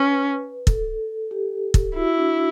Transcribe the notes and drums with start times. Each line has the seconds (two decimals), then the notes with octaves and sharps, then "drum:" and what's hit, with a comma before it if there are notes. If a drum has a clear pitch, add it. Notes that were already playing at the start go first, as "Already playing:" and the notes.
Already playing: C#4 B4
0.67 A4, drum: kick
1.31 G4
1.74 drum: kick
1.96 E4 F#4
2.17 D4